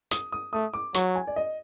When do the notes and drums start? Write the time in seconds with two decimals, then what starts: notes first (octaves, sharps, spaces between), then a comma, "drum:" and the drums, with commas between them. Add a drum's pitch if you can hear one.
0.11 D#6, drum: hi-hat
0.32 D#6
0.53 A3 D#6
0.74 D6
0.95 F#3 C#6, drum: hi-hat
1.16 G#5
1.27 D5
1.36 D#5